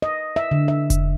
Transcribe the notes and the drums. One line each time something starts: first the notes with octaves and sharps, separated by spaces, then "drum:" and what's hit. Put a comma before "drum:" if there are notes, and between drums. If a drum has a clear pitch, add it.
D#5
E5
D3
E5
drum: kick F1, hi-hat